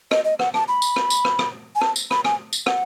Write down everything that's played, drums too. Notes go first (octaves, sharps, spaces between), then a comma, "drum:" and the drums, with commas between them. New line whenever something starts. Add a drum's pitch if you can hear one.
D#5, drum: rim click
D#5
F#5, drum: rim click
A5, drum: rim click
B5
drum: tambourine
drum: rim click
drum: tambourine
drum: rim click
drum: rim click
G#5
A5, drum: rim click
drum: tambourine
B5, drum: rim click
G#5, drum: rim click
drum: tambourine
F#5, drum: rim click